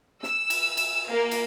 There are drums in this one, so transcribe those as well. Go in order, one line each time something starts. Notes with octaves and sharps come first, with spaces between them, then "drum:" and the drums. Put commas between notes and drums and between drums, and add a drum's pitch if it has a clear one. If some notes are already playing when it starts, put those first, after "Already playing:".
E6, drum: snare
drum: cymbal
drum: cymbal
A#3
drum: cymbal